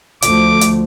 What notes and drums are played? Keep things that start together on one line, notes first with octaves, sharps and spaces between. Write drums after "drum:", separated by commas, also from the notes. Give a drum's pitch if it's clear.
D2 F3 A3 D6, drum: hi-hat
drum: hi-hat